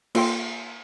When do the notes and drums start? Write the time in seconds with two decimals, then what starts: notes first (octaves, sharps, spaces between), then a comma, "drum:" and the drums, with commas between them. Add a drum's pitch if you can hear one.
0.15 A#3 F4 A4 G5 C6, drum: cymbal